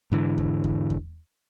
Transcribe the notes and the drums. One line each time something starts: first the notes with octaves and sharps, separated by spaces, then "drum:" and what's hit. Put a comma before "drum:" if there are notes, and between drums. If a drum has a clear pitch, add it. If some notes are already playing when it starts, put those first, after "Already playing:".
G#2 D3 E3
drum: kick E2
drum: kick E2
drum: kick E2